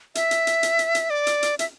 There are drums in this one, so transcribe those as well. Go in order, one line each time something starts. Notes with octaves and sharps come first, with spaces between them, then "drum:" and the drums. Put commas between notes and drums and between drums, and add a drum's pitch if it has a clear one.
E5, drum: hi-hat
drum: hi-hat
drum: hi-hat
drum: hi-hat
drum: hi-hat
drum: hi-hat
D5
drum: hi-hat
drum: hi-hat
E5, drum: hi-hat